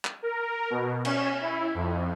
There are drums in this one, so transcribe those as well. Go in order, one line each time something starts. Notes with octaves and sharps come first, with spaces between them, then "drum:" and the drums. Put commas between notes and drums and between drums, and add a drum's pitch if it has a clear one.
drum: clap
A#4
B2
C#4, drum: cymbal
E4
F2